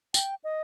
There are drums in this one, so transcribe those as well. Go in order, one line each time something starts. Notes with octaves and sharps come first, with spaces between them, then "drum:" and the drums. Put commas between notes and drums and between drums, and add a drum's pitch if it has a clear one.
G5, drum: tambourine
D#5